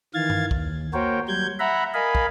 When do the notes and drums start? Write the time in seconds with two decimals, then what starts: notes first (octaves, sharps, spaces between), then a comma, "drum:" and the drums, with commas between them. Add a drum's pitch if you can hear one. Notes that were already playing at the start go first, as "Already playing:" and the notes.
0.14 D#3 E3 F5 G#6 A6
0.30 drum: tom G2
0.51 D#2, drum: kick
0.94 A#3 F#4 A#4 C5 C#5 G5
1.28 F#3 G3 G6 G#6
1.59 E5 F#5 A#5 B5
1.94 A#4 D#5 F5 G#5 B5
2.15 drum: kick